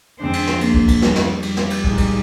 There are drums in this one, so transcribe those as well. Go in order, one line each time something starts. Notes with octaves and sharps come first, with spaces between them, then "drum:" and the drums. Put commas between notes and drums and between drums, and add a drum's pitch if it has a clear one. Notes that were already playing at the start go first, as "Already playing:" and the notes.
F2 D3 G#3 C4 D4
drum: cymbal
drum: snare
A#3, drum: cymbal
drum: kick
drum: kick, cymbal
G3, drum: snare
drum: snare
G3, drum: cymbal
drum: snare
drum: cymbal
A#2 G#3 D#4, drum: kick
drum: kick, cymbal